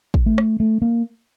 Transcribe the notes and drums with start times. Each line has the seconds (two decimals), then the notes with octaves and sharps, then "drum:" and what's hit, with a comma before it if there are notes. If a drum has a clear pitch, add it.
0.14 drum: kick
0.26 A3
0.38 drum: rim click
0.60 A3
0.82 A#3